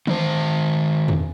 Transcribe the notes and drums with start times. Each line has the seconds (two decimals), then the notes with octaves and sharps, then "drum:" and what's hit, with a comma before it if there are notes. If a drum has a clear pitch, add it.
0.07 D#3 C5, drum: tom D#3
1.08 drum: tom E2